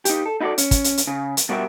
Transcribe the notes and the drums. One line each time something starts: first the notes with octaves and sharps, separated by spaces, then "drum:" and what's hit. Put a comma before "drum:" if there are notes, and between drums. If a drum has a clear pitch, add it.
D#4 G4, drum: hi-hat
A4
D#4 E4 F#4 G#4 A4 D5
C#4, drum: hi-hat
drum: kick, hi-hat
drum: hi-hat
drum: hi-hat
C#3
drum: hi-hat
B2 G3 F#4 G4 A#4 E5